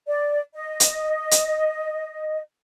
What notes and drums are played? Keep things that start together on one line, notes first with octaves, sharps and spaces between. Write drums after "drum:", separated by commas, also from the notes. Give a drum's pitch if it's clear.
D5
D#5
drum: hi-hat
drum: hi-hat